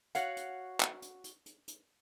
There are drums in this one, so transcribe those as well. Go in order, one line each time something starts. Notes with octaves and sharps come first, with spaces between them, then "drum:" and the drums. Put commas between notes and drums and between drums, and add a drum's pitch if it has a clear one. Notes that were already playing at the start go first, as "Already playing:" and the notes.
F#4 C#5 F5 F#5, drum: hi-hat
drum: hi-hat
drum: clap
drum: hi-hat
drum: hi-hat
drum: hi-hat
drum: hi-hat